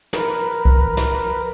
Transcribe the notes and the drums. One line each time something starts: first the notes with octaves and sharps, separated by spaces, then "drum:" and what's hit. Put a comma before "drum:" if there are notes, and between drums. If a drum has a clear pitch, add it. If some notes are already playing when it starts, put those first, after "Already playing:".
A#4 B4, drum: snare
drum: kick C2
drum: snare